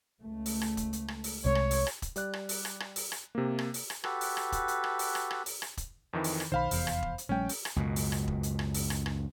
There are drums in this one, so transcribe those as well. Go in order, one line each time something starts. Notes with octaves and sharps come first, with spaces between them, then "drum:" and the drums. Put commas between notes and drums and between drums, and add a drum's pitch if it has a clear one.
C#2 A3
drum: open hi-hat
drum: rim click
drum: kick E1, hi-hat
drum: hi-hat
drum: rim click
drum: open hi-hat
C2 C3 G#3 C#5
drum: rim click
drum: open hi-hat
drum: rim click
drum: kick E1, hi-hat
G3 D5 F#6, drum: hi-hat
drum: rim click
drum: open hi-hat
drum: rim click
drum: rim click
drum: open hi-hat
drum: rim click
C3 A#3
drum: rim click
drum: open hi-hat
drum: rim click
F#4 G4 A4 B4, drum: rim click
drum: open hi-hat
drum: rim click
drum: kick E1, hi-hat
drum: hi-hat
drum: rim click
drum: open hi-hat
drum: rim click
drum: rim click
drum: open hi-hat
drum: rim click
drum: kick E1, hi-hat
F2 D#3 E3
drum: open hi-hat
drum: rim click
B1 D#3 C5 F5 B5
F1 E2, drum: open hi-hat
drum: rim click
drum: kick E1
drum: hi-hat
A#1 G3 A3 C#4 G5
drum: open hi-hat
drum: rim click
C#2 F#2 B2
drum: open hi-hat
drum: rim click
drum: kick E1
drum: hi-hat
drum: rim click
drum: open hi-hat
drum: rim click
drum: rim click